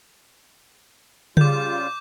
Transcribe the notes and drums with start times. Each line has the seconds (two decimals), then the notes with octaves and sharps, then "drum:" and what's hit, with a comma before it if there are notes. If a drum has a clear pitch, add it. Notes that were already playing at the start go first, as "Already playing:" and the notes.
1.37 C#3 G3 F4 D6 G6, drum: tom C#3